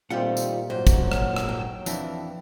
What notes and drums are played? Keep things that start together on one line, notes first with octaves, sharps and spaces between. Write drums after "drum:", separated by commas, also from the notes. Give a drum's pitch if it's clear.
A#2 D#3 G3 A3 C4 F4 G4 F#5
drum: tambourine
G#2 F#3 C5
drum: kick, tambourine
drum: rim click
drum: rim click
G5
F2 E3 F3 D4, drum: tambourine